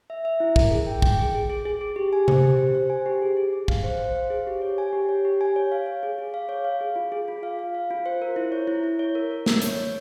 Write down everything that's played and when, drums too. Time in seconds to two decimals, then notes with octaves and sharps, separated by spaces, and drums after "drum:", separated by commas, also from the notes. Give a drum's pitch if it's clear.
0.10 E5
0.25 E5
0.40 E4
0.56 A#4, drum: kick
0.71 G#4
0.87 G5
1.02 G5, drum: kick
1.19 G#4
1.35 G#4
1.50 G#4
1.65 G#4
1.81 G#4
1.96 G4
2.13 G#5
2.28 C5, drum: tom C3
2.43 G4
2.58 C5
2.75 C5
2.90 G#5
3.06 G4
3.22 G#4
3.37 G#4
3.53 G#4
3.68 F5, drum: kick
3.84 C5
3.99 C5
4.15 F5
4.30 G#4
4.47 G4
4.62 C#5
4.78 G#5
4.93 G4
5.09 C#5
5.25 G4
5.41 G#5
5.56 C#5
5.72 F5
5.86 C#5
6.03 G#4
6.18 G#4
6.34 F5
6.49 C#5
6.64 F5
6.81 G#4
6.96 F4
7.12 G#4
7.28 F4
7.43 F5
7.59 F5
7.75 F5
7.91 F4
8.06 C5
8.22 A#4
8.36 E4
8.52 C#5
8.67 E4
8.84 E4
8.99 C#5
9.15 A#4
9.31 A#4
9.46 A#3, drum: snare
9.62 C#5, drum: hi-hat
9.77 C#5